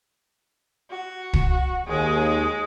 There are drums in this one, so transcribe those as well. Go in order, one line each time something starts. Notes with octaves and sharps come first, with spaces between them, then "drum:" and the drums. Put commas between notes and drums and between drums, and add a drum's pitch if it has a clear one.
F#4
drum: kick
D#2 G#3